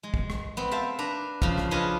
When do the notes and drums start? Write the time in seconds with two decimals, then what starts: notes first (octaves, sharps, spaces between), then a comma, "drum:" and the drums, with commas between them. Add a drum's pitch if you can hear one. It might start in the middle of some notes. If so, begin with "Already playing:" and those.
0.03 G#3
0.14 drum: kick
0.30 drum: rim click
0.57 B3 C4
0.71 C5 E5 F5 A5
0.99 D4 B4 A#5
1.42 C#3 F3 F5, drum: kick
1.58 drum: rim click
1.71 C#4 D4 F4 G#4 B4 D#5